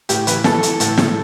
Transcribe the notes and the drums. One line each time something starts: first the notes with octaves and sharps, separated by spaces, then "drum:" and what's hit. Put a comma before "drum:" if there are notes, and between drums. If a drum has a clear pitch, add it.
A2 G4, drum: hi-hat
E3 B4, drum: hi-hat
E3 A4, drum: snare
E3, drum: hi-hat
A2, drum: hi-hat
A2, drum: snare